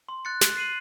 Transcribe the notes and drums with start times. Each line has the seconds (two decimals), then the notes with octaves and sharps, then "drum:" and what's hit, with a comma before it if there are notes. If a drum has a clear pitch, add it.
0.09 C6
0.25 F#6 A6 C#7
0.41 F#6, drum: snare
0.57 C7 D#7 F#7